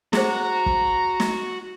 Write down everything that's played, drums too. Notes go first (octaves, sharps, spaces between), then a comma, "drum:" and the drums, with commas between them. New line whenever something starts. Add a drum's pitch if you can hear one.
F#4 G#4 C5 F#5 A#5, drum: snare
drum: kick
drum: snare